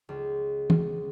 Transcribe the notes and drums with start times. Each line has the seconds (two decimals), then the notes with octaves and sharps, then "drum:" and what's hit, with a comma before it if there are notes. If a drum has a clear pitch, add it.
0.09 C#2
0.70 drum: tom E3